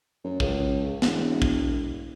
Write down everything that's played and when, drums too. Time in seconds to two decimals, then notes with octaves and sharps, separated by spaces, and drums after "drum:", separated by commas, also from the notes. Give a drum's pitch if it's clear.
0.24 F#2
0.40 C#2, drum: kick
1.02 E1, drum: snare
1.42 drum: kick